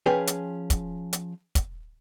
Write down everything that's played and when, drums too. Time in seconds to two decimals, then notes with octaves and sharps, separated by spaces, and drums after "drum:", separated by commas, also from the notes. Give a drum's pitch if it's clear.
0.06 F3 C#4 G#4 B4 G5
0.27 drum: hi-hat
0.70 drum: kick, hi-hat
1.13 drum: hi-hat
1.55 drum: kick, hi-hat